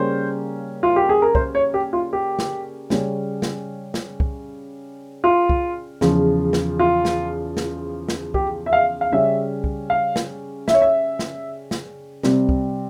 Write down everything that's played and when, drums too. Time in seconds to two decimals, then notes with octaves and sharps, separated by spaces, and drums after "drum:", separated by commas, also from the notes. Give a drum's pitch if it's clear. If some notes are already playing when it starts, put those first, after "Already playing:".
Already playing: C#3 G3 A#3 C#4 C5
0.83 F4
0.96 G4
1.09 G#4
1.22 A#4
1.35 C5, drum: kick
1.55 C#5
1.74 G4
1.93 F4
2.13 G4
2.39 drum: snare
2.90 C#3 G3 C#4, drum: snare
3.42 drum: snare
3.94 drum: snare
4.20 drum: kick
5.24 F4
5.49 drum: kick
6.01 E2 C#3 F3, drum: snare
6.53 drum: snare
6.79 F4
7.05 drum: snare
7.57 drum: snare
8.09 drum: snare
8.34 G4, drum: kick
8.66 E5
8.73 F5
9.01 F5
9.12 C#3 G3 C#4 E5
9.64 drum: kick
9.90 F5
10.16 drum: snare
10.68 E5, drum: snare
10.74 C#5
10.82 E5
11.19 drum: snare
11.71 drum: snare
12.23 C3 G3 C4, drum: snare
12.49 drum: kick